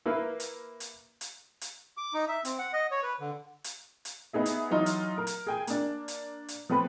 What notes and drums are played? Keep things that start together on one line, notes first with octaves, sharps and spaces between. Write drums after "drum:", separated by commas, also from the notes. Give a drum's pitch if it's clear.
A#3 E4 B4 F5
drum: hi-hat
drum: hi-hat
drum: hi-hat
drum: hi-hat
D6
D#4
E5
C4, drum: hi-hat
F#5
D#5
C#5
B4
D3
drum: hi-hat
drum: hi-hat
B3 D#4 G#4 E5
drum: hi-hat
E3 F#3 D#4 F4
drum: hi-hat
A#4
drum: hi-hat
G#4 G5 G#5
A#3 D4, drum: hi-hat
drum: hi-hat
drum: hi-hat
F3 B3 C4 B4